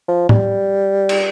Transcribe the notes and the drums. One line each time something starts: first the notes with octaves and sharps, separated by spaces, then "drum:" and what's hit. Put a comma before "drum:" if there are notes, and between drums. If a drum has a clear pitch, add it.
F3
G3, drum: tom A2
drum: cymbal